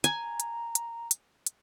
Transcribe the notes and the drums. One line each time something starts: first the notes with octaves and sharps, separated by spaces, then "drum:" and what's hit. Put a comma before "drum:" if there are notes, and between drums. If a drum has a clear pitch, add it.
G#5 A#5, drum: hi-hat
drum: hi-hat
drum: hi-hat
drum: hi-hat
drum: hi-hat